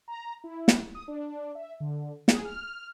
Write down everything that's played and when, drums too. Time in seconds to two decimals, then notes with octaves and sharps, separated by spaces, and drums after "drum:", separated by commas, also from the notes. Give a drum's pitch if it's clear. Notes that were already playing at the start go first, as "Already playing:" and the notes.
0.08 A#5
0.44 E4
0.68 drum: snare
0.95 D#6
1.08 D4
1.55 E5
1.80 D3
2.28 G#4, drum: snare
2.45 F6